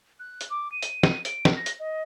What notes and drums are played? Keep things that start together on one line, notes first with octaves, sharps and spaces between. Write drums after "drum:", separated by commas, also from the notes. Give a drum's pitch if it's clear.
F#6
drum: hi-hat
D6
D#7
drum: hi-hat
drum: snare
D7, drum: hi-hat
drum: snare
A#6
drum: hi-hat
D#5